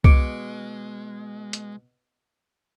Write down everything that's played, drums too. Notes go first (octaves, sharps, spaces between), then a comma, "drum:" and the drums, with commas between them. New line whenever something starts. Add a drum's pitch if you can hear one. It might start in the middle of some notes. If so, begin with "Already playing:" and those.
B2 G#3 D6 C#7 D7, drum: kick C2
drum: hi-hat